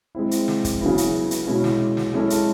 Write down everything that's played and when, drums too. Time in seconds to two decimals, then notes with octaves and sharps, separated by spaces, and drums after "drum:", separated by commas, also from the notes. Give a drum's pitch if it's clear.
0.15 G#3 C4 E4
0.31 drum: hi-hat
0.48 drum: snare
0.64 drum: kick, hi-hat
0.81 C#3 F#3 B3 E4
0.98 drum: hi-hat
1.31 drum: hi-hat
1.47 B2 G#3 C#4 E4
1.64 drum: snare
1.97 drum: snare
2.13 G#3 C#4 E4 A4
2.30 drum: hi-hat